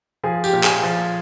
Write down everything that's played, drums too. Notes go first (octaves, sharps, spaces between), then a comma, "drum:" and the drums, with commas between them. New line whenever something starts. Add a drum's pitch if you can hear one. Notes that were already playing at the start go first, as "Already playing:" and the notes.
F3 G#4
G4, drum: tambourine
A#2
G#4, drum: clap
F3